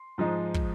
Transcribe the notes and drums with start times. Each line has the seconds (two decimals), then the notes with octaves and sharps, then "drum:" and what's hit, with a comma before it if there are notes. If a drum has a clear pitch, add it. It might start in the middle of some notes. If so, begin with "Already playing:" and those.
Already playing: C6
0.18 G#2 F3 G#3 D#4
0.54 drum: kick